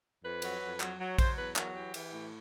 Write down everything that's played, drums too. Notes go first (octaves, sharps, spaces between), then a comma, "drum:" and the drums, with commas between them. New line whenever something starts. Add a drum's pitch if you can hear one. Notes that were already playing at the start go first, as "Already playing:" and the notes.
F2 B4
F#3, drum: cymbal
F2
F#3, drum: clap
F#3
F#3 C5, drum: kick A#1, cymbal
E2 B4
F#3 A#4, drum: clap
E3 G4
E3, drum: cymbal
A2